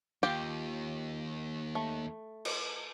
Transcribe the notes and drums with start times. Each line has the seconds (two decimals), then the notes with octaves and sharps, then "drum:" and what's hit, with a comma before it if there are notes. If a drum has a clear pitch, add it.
0.23 D#2 F4 G4 G5
1.75 A3
2.45 drum: cymbal